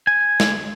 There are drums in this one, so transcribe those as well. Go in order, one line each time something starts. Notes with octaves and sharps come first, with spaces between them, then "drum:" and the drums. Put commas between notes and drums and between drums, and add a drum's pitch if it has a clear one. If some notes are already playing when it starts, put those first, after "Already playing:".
G#5
drum: snare